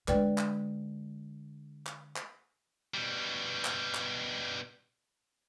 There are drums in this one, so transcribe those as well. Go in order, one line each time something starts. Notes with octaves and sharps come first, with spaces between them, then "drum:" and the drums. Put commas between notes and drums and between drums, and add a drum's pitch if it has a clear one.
D3 G#3 B4 D5 G5, drum: clap
drum: clap
drum: clap
drum: clap
B2 G3
drum: clap
drum: clap